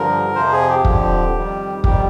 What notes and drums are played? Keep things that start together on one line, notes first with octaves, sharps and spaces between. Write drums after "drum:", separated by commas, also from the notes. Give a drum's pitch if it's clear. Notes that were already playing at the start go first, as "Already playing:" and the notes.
Already playing: G2 D3 F3 A#4
F2 C3 F3 C5
G#4
G4
F2 D3 F3, drum: kick
F2 D#3 G3
F2 D#3 G3 G4, drum: kick